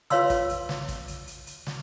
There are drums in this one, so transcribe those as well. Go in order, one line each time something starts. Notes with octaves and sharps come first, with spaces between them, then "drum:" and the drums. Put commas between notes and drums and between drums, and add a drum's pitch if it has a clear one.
F4 B4 C#5 F5 C6 E6, drum: snare
drum: kick, hi-hat
drum: hi-hat
drum: snare
drum: kick, hi-hat
drum: hi-hat
drum: hi-hat
drum: hi-hat
drum: snare